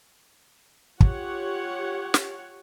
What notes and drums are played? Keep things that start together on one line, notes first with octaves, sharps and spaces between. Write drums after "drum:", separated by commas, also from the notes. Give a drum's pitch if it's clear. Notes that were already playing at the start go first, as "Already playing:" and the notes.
F4 G4 C#5 F#5, drum: kick
drum: snare